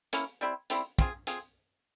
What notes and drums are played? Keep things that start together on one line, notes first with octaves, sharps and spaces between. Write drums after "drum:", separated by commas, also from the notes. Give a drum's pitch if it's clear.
A#3 C#4 E4, drum: hi-hat
G3 C4 E4
G3 C4 E4, drum: hi-hat
C4 F4 G#4, drum: kick
C4 F4 G#4, drum: hi-hat